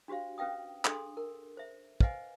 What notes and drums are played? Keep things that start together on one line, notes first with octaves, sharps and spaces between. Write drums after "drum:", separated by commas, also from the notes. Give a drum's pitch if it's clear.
D4 F#4 G4 C5 F5
C#4 B4 F5 G5 D#6
D4 G#4 A4 C6 D#6, drum: clap
A#4
C5 E5
B4 C5 D#5 F5 F#5 G#5, drum: kick